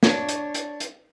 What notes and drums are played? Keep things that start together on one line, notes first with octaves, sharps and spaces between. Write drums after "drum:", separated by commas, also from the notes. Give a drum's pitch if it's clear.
D4 C#5, drum: snare
drum: hi-hat
drum: hi-hat
drum: hi-hat